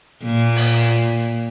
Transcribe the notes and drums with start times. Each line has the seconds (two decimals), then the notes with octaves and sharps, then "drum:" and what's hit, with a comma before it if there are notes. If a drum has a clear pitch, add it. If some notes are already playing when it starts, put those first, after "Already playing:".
0.23 A#2
0.56 drum: open hi-hat